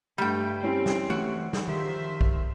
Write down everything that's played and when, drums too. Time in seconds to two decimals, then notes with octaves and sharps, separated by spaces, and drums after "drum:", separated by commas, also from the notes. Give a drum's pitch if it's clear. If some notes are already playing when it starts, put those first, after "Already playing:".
0.18 G2 G3 A3 G5
0.63 C4 C#4 E4 G4
0.86 drum: snare
1.10 E3 A3 F#4
1.53 drum: snare
1.68 D#3 F3 G4 C5 E5
2.21 drum: kick B1